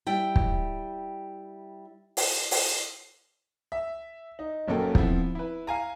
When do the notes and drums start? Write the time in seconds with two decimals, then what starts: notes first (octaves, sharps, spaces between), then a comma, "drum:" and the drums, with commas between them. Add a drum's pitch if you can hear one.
0.07 G3 E4 G5
0.36 drum: kick
2.17 drum: open hi-hat
2.51 drum: open hi-hat
3.72 E5
4.39 D#4
4.68 F#1 F#2 A#3 A4 G5
4.95 F3 B3 C4 E4, drum: kick
5.35 E4 B4
5.67 F5 G#5 A#5